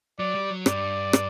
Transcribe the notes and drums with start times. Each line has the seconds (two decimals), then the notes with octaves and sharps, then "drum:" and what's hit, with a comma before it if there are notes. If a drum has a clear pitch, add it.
0.19 F#3 D5
0.35 G3
0.50 F#3
0.66 G2 D5, drum: rim click
1.13 drum: rim click